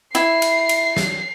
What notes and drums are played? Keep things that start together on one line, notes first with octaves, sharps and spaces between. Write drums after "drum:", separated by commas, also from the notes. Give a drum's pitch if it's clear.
E4 C7, drum: cymbal
drum: cymbal
drum: cymbal
drum: snare